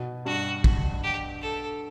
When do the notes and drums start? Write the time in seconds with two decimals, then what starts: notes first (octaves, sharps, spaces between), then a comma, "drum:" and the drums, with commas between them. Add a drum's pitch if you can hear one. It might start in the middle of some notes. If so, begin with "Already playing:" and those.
Already playing: B2
0.25 G2 F#4
0.64 drum: kick
1.03 G4
1.42 A4